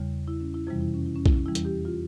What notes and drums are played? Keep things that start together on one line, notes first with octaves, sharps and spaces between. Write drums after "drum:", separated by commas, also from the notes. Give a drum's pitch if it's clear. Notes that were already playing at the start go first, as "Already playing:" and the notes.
Already playing: E2 C#3 G3
E4
C#4
E4
F2 C3 E3 G3 E4
E4
C#4
E4
C#4
E4, drum: kick B1
C#4
E2 E3 G3 E4
drum: hi-hat
G4
F4